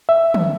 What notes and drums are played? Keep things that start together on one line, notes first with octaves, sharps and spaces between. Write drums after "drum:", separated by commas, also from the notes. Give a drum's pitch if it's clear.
E5
drum: tom